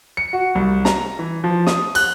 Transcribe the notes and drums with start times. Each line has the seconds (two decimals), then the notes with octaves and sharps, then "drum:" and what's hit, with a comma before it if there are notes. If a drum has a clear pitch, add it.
0.17 C#7
0.33 F#4
0.55 C2
0.85 A#5, drum: snare
1.19 E3
1.44 F3
1.67 D#6, drum: snare
1.95 F#6, drum: cymbal